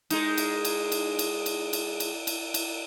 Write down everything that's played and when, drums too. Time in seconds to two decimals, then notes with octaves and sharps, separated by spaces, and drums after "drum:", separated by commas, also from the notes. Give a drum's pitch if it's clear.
0.10 G#3 D#4, drum: cymbal
0.38 drum: cymbal
0.65 drum: cymbal
0.92 drum: cymbal
1.19 drum: cymbal
1.46 drum: cymbal
1.73 drum: cymbal
2.00 drum: cymbal
2.27 drum: cymbal
2.54 drum: cymbal